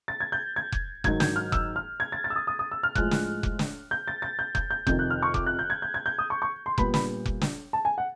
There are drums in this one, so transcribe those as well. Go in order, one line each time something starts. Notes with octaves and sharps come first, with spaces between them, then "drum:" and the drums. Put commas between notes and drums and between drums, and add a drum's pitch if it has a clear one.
A6
G#6
G6
G#6
drum: kick F1
G#2 D#3 F#3 G#6, drum: kick F1
G6, drum: snare
F6
E6, drum: kick F1
F6
G#6
A6
A6
E6
D#6
D#6
D#6
E6
F6
A2 F3 G#3 F#6, drum: kick F1
drum: snare
drum: kick F1
drum: snare
G6
A6
A6
G6
G6, drum: kick F1
G6
F2 C3 D#3 G6, drum: kick F1
F#6
F6
C#6
D6, drum: kick F1
F#6
G6
G#6
G6
G#6
G6
D#6
C#6
C#6
C6
A#2 G3 B3 B5, drum: kick F1
B5, drum: snare
drum: kick F1
drum: snare
A5
G#5
F#5